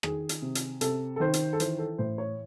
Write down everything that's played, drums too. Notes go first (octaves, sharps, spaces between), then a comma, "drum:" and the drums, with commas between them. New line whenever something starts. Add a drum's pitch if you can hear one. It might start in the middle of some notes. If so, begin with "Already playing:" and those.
D#3 G#4, drum: rim click
drum: hi-hat
C3
drum: hi-hat
C3 A4, drum: hi-hat
A4
D#3 C5
drum: hi-hat
A4
E3 C5, drum: hi-hat
A4
A2 C5
C#5